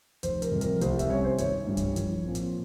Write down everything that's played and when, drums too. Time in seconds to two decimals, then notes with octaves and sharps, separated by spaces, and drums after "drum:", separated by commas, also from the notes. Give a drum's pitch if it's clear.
0.23 F1 C5, drum: hi-hat
0.42 A#4, drum: hi-hat
0.52 F2 C3 G3
0.61 A#4, drum: hi-hat
0.81 C2 C5, drum: hi-hat
0.99 E5, drum: kick, hi-hat
1.09 C3 G3 C#4 C#5
1.24 C5
1.38 G#1 C#5, drum: hi-hat
1.67 G2 E3 G3
1.77 drum: kick, hi-hat
1.96 A#1, drum: hi-hat
2.25 A#2 F3 C4
2.35 drum: hi-hat